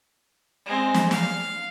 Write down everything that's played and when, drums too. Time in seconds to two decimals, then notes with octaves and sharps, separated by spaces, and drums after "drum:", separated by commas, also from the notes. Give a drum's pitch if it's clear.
0.65 G#3 C4
0.94 drum: snare
1.11 F5, drum: snare